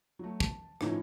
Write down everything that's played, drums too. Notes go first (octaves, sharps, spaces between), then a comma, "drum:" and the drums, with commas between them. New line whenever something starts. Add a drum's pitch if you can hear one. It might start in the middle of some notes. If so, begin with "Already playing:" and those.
F#3 A3
A5, drum: kick
A2 D#3 F3 C#4 D#4 E4, drum: rim click